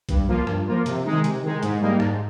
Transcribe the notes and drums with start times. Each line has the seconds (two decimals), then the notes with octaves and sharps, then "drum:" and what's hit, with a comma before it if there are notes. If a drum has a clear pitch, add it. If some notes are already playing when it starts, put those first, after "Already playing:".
0.09 G2, drum: kick B1, hi-hat
0.28 F3 A#3 F4
0.47 G2, drum: rim click
0.67 F3 A#3 F4
0.86 C3, drum: hi-hat
1.05 D#3 G#3 D#4
1.24 C3, drum: hi-hat
1.43 D#3 G#3 D#4
1.63 G#2, drum: hi-hat
1.81 G3 A#3 D#4
2.00 G#2, drum: rim click